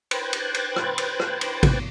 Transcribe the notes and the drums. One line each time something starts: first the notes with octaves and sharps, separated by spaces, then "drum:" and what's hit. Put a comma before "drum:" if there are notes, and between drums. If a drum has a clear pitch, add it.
B4 C5 G5 F#6 G#6 A6, drum: cymbal
drum: cymbal
drum: cymbal
drum: rim click
drum: cymbal
drum: rim click
drum: cymbal
drum: kick, cymbal